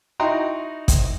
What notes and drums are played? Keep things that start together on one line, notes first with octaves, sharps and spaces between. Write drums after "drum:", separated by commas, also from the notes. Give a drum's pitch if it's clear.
D#4 E4 F#4 G5 A#5 C6
drum: kick, hi-hat